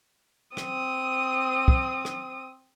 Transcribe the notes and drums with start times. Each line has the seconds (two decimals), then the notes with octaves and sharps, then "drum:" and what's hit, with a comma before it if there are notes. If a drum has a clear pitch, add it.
0.57 C4 D#6, drum: rim click
1.68 drum: kick
2.05 drum: rim click